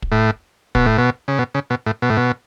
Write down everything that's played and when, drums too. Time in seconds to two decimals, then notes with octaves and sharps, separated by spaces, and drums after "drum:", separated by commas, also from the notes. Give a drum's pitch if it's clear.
0.02 drum: kick
0.12 A2
0.75 B2, drum: kick
0.86 A2
0.98 B2
1.28 C#3
1.39 B2
1.55 C#3
1.70 B2
1.86 A2
2.02 B2
2.10 A2
2.17 B2